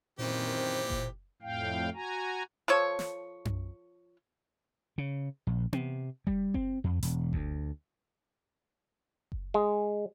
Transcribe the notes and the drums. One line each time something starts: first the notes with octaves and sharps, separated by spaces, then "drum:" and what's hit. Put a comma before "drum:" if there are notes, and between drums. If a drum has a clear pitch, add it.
F#2 A#2 D#3 E3 C4 G4 C5
drum: kick F#1
F2 A2 F5 G5
F#4 G#5 A#5
F3 A4 C#5
drum: snare
drum: tom F#2
C#3
A#1
C3, drum: tom B3
G3, drum: kick F#1
C4, drum: kick F#1
F2
E1, drum: hi-hat
D2, drum: kick F#1
drum: kick F#1
G#3